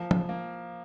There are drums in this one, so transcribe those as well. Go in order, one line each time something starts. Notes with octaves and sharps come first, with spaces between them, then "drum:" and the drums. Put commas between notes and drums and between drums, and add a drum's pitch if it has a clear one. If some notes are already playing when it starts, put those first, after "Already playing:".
Already playing: F3 A#3
drum: tom
A#3